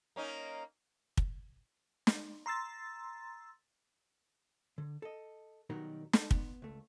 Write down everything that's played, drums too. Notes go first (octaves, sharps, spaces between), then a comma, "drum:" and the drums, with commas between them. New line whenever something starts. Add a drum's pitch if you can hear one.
A#3 C#4 D#4
drum: kick
drum: snare
A#5 C6 E6 A6
D3
A4 D#5
B2 D#3 F#3 G3 D#4 A#4
A4, drum: snare
B3, drum: kick
C#2 A3